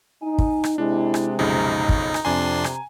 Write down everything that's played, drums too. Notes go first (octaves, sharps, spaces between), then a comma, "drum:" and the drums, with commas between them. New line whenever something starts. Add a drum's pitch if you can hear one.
D#4 G#5
drum: kick
drum: rim click
C3 G#3 D4 E4
drum: rim click
B1 F2 C#3 D#4 A#5
drum: kick
drum: rim click
F2 C3 D4 G#5 C6
drum: rim click